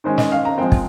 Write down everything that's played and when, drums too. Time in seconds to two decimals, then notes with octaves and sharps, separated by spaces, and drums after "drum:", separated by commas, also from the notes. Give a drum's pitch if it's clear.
0.04 D#3 G#3 C#4 C5
0.18 D#5, drum: snare
0.32 F5
0.45 A#5
0.58 F3 G#3 C4 G5
0.72 drum: kick